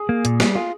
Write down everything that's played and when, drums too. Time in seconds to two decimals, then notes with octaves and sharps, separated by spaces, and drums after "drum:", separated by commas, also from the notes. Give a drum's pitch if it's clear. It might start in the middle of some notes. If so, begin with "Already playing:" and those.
Already playing: G#4
0.09 A#3
0.25 A#2, drum: hi-hat
0.40 G3, drum: snare
0.55 F4 G#4